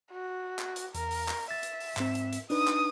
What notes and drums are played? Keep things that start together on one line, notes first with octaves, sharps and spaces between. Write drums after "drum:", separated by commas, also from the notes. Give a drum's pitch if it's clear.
F#4
drum: clap
drum: hi-hat
E2 A#4, drum: hi-hat
drum: open hi-hat
drum: clap
E5 A6
drum: hi-hat
drum: open hi-hat
G#2 C4, drum: clap
drum: hi-hat
drum: hi-hat
D4 D#4 B4 D#6, drum: open hi-hat
drum: clap